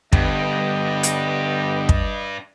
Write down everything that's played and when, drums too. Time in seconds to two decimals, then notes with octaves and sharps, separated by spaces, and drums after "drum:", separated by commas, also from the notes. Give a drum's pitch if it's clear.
0.13 G2 D3 B3 G4 D#5, drum: kick
1.03 drum: hi-hat
1.89 drum: kick